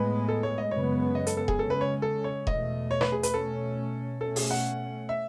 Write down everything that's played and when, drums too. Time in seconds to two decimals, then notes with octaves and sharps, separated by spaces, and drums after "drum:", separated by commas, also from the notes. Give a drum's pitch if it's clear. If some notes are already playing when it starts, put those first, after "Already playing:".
Already playing: A2 G#3 B3 B4
0.28 A4
0.43 C#5
0.58 D#5
0.71 F#2 C#3 G#3 B3 C#5
1.15 D#5
1.27 A4, drum: hi-hat
1.37 A4
1.48 G#4, drum: kick E1
1.59 C#3 G#3 C#4 A4
1.70 B4
1.81 C#5
2.02 A4
2.24 C#5
2.47 E2 B2 A3 D#5, drum: kick E1
2.91 C#5
3.01 B4, drum: rim click
3.12 G#4
3.23 B4, drum: hi-hat
3.34 B2 A3 C#4 A4
4.21 B2 A3 C#4 A4
4.36 G#4, drum: open hi-hat
4.51 F#5
5.09 E5